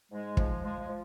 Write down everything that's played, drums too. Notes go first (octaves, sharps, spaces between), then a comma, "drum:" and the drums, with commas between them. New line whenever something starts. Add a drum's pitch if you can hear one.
G#2 G#3
F3 G#3, drum: kick
F3 G#3
G#3
F3